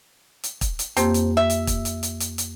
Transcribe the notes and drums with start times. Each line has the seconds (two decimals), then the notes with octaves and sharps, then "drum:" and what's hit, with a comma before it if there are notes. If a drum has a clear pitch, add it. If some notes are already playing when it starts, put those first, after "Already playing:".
0.44 drum: hi-hat
0.61 drum: kick, hi-hat
0.79 drum: hi-hat
0.97 F2 A#3 C4 G4, drum: hi-hat
1.14 drum: hi-hat
1.37 E5
1.50 drum: hi-hat
1.67 drum: kick, hi-hat
1.85 drum: hi-hat
2.03 drum: hi-hat
2.20 drum: hi-hat
2.38 drum: hi-hat